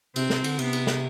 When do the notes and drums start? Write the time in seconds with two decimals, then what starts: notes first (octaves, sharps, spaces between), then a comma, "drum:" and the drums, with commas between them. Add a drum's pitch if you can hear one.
0.16 C3 C4, drum: cymbal
0.30 C3, drum: snare
0.44 D3, drum: cymbal
0.59 C3 B3, drum: cymbal
0.73 drum: cymbal
0.87 drum: snare